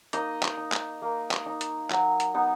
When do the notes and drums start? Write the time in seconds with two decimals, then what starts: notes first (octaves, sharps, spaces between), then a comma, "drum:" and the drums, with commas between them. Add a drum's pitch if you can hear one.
0.13 A#3 D#4 D#5, drum: hi-hat
0.43 drum: clap
0.57 D#4
0.72 drum: clap
1.02 A#3
1.31 drum: clap
1.46 D#4
1.61 drum: hi-hat
1.91 F#3, drum: clap
2.20 drum: hi-hat
2.34 B3 D#4